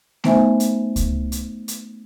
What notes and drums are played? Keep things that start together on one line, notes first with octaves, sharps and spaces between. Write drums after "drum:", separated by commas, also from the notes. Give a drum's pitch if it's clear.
A3 B3 D#4 C5 E5 G#5, drum: snare A3
drum: hi-hat
drum: kick C#2, hi-hat
drum: hi-hat
drum: hi-hat